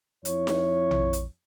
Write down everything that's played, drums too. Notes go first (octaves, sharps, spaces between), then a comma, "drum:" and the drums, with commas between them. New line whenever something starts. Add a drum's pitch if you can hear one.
F2 E4 C#5, drum: hi-hat
drum: snare D#4
drum: tom A#1
drum: hi-hat